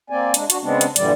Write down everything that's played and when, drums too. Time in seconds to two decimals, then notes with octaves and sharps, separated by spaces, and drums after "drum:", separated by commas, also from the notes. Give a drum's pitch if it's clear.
0.10 A#3 C4 D5 G#5
0.34 G#3 D4, drum: hi-hat
0.50 D4 F#4, drum: hi-hat
0.62 C#3 G#3 B3 C4 D4
0.81 drum: hi-hat
0.96 G2 A#2 D3 E3 G3 D5, drum: hi-hat